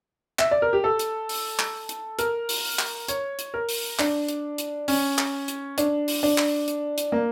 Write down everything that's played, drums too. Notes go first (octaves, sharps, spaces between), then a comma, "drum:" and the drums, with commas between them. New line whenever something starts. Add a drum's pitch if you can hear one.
E5, drum: clap
D5
A#4
G4
A4
drum: hi-hat
drum: open hi-hat
drum: clap
drum: hi-hat
A#4, drum: hi-hat
drum: open hi-hat
drum: clap
C#5, drum: hi-hat
drum: hi-hat
A#4
drum: open hi-hat
D4, drum: clap
drum: hi-hat
drum: hi-hat
C#4, drum: open hi-hat
drum: clap
drum: hi-hat
D4, drum: hi-hat
drum: open hi-hat
D4
drum: clap
drum: hi-hat
drum: hi-hat
A#3